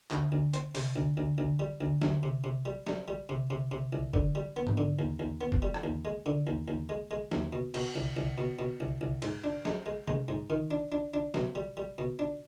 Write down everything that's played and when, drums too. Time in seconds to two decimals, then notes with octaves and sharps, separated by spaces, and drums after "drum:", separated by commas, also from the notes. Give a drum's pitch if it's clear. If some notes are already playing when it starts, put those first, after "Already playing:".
0.11 D2, drum: clap
0.32 D2
0.54 C4, drum: hi-hat
0.75 C3, drum: open hi-hat
0.96 D2
1.17 D2
1.38 D2
1.59 G3
1.81 D2
2.02 D2, drum: snare
2.23 C3
2.44 C3
2.65 G3
2.87 G3, drum: snare
3.08 G3
3.29 C3
3.50 C3
3.71 C3
3.93 C2
4.14 D3, drum: kick F1
4.35 G3
4.56 B3
4.67 drum: tom G#2
4.77 D3
4.99 D#2
5.19 D#2
5.41 B3
5.52 drum: kick F1
5.62 G3
5.74 drum: rim click
5.83 D#2
6.05 G#3
6.26 D3
6.47 D#2
6.68 D#2
6.89 G#3
7.11 G#3
7.32 D#2, drum: snare
7.53 B2
7.74 B2, drum: cymbal
7.95 C2
8.17 C2
8.38 B2
8.59 B2
8.80 C2
9.01 C2
9.22 G#2, drum: cymbal
9.44 D4
9.65 G#3, drum: snare
9.86 G#3
10.08 G#3, drum: tom C3
10.28 G#2
10.50 D#3
10.71 D4
10.92 D4
11.14 D4
11.34 B2, drum: snare
11.55 G3
11.77 G3
11.98 B2
12.19 D4